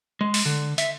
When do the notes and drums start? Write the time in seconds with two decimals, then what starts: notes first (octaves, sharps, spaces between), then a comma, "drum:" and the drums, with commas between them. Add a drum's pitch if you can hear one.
0.21 G#3
0.34 drum: open hi-hat
0.45 D3
0.78 E5, drum: hi-hat